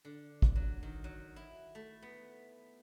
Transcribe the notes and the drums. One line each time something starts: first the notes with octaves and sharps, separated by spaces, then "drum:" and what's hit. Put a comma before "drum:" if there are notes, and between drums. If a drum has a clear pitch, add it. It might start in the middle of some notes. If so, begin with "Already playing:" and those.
D3
drum: kick G#1
F#3
D#3
F#3
E4
A3
B3